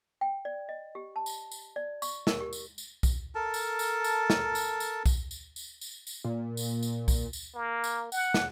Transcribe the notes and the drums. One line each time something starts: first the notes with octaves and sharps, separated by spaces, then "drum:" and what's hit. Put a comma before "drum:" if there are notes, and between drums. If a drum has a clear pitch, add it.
G5
D5
D#5
G4
A5
drum: tambourine
drum: tambourine
D5
C#6, drum: tambourine
A#4, drum: snare
G4
drum: tambourine
drum: tambourine
drum: kick B1, tambourine
A4 A#4 A5
drum: tambourine
drum: tambourine
drum: tambourine
drum: snare
drum: tambourine
drum: tambourine
drum: kick B1, tambourine
drum: tambourine
drum: tambourine
drum: tambourine
drum: tambourine
A#2
drum: tambourine
drum: tambourine
drum: kick B1, tambourine
drum: tambourine
A#3
drum: tambourine
F#5, drum: tambourine
drum: snare